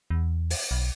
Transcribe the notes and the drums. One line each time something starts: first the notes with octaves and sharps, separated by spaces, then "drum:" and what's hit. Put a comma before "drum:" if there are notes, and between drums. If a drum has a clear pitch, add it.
E2
drum: open hi-hat
B1